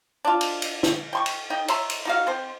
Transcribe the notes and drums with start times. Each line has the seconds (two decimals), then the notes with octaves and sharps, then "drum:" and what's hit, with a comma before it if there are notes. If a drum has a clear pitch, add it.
0.25 D4 F4
0.41 drum: cymbal
0.62 drum: cymbal
0.83 drum: snare
1.13 G5 C6 C#6
1.26 drum: cymbal
1.50 D#4 G5
1.68 C#5 E5 A#5 C6, drum: cymbal
1.90 drum: cymbal
2.05 D#4 F#4 F5
2.27 C4 C5